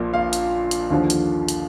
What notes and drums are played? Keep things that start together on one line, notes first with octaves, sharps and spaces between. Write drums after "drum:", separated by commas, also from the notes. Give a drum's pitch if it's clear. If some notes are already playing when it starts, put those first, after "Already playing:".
Already playing: A#1 A#2 F3 A#3
F5
drum: hi-hat
drum: hi-hat
D#2 D3 F3
drum: hi-hat
drum: hi-hat